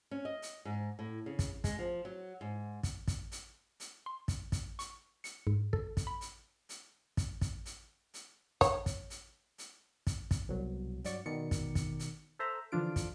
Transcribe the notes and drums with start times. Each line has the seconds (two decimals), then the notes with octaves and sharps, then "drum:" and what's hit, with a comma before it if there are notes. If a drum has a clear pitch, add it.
0.11 C#4
0.25 D#5
0.42 drum: hi-hat
0.65 G#2
0.99 A2
1.26 C#3
1.39 drum: kick, hi-hat
1.64 G#3, drum: kick, hi-hat
1.79 F3
2.05 F#3
2.41 G#2
2.83 drum: kick, hi-hat
3.08 drum: kick, hi-hat
3.32 drum: hi-hat
3.80 drum: hi-hat
4.06 C6
4.28 drum: kick, hi-hat
4.52 drum: kick, hi-hat
4.79 C#6, drum: hi-hat
5.24 C#7, drum: hi-hat
5.47 G#2
5.73 A4, drum: kick
5.97 drum: kick, hi-hat
6.07 B5
6.21 drum: hi-hat
6.69 drum: hi-hat
7.17 drum: kick, hi-hat
7.41 drum: kick, hi-hat
7.66 drum: hi-hat
8.14 drum: hi-hat
8.61 C#5, drum: kick, hi-hat
8.86 drum: kick, hi-hat
9.10 drum: hi-hat
9.58 drum: hi-hat
10.07 drum: kick, hi-hat
10.31 drum: kick, hi-hat
10.49 C2 B2 F#3
11.05 G2 F#3 D5 C#6, drum: hi-hat
11.26 B2 D#3 D5 C#7
11.51 drum: kick, hi-hat
11.75 drum: kick, hi-hat
11.99 drum: hi-hat
12.39 A4 C5 E5 A#5
12.72 D3 E3 F3 D4 F4 D7
12.96 drum: kick, hi-hat